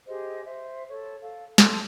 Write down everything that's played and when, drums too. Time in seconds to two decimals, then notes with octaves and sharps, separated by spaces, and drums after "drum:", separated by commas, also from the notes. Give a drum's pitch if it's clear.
0.07 G4 G#4 C5 D#5
0.45 C5 E5
0.90 A4 C#5
1.22 A4 F5
1.58 A4 A5 C6 E6, drum: snare